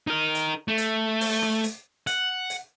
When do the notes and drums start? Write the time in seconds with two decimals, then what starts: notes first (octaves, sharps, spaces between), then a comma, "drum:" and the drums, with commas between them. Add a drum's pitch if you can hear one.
0.07 D#4 A#4
0.35 drum: hi-hat
0.68 A3
0.78 drum: hi-hat
1.21 drum: open hi-hat
1.42 drum: rim click
1.64 drum: hi-hat
2.07 F#5, drum: hi-hat
2.50 drum: hi-hat